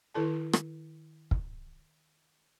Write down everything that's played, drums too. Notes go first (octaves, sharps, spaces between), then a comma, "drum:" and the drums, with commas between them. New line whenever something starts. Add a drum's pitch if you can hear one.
D#3 E4 A4 A5
drum: rim click
drum: kick